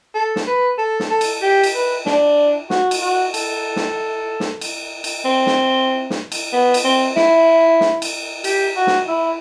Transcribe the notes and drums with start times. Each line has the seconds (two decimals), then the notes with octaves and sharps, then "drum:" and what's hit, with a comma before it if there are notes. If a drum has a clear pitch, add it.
0.15 A4
0.36 drum: snare
0.47 B4
0.78 A4
1.00 drum: snare
1.11 A4
1.21 drum: cymbal
1.42 G4
1.64 drum: cymbal
1.74 B4
2.06 D4, drum: snare
2.70 F#4, drum: snare
2.91 drum: cymbal
3.02 F#4
3.34 A4, drum: cymbal
3.76 drum: snare
4.40 drum: snare
4.61 drum: cymbal
5.04 drum: cymbal
5.25 C4
5.47 drum: snare
6.10 drum: snare
6.32 drum: cymbal
6.53 B3
6.74 drum: cymbal
6.84 C4
7.16 E4, drum: snare
7.81 drum: snare
8.02 drum: cymbal
8.44 G4, drum: cymbal
8.76 F#4
8.87 drum: snare
9.08 E4